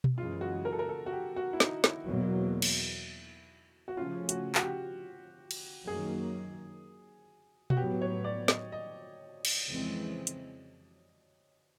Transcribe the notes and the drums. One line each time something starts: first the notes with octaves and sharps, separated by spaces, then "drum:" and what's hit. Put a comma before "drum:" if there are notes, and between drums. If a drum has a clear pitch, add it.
drum: tom B2
F#2 C#3 E3 G#3 F4
F#4
A#4
A4
A#4
A4
F#4
G4
F#4
E4
D#4, drum: snare
E4, drum: snare
E2 B2 F#3 A#3
drum: cymbal
F#4
C#3 F3 A3 C#4 F4
F#4, drum: hi-hat
F#4, drum: clap
G4
drum: cymbal
F#2 D#3 F#3 A#3 G#4
F#4, drum: tom B2
A2 F#3 B3 G4
C#5
D5
D#5, drum: snare
D#5
drum: cymbal
F2 C#3 E3 G#3 C4
drum: hi-hat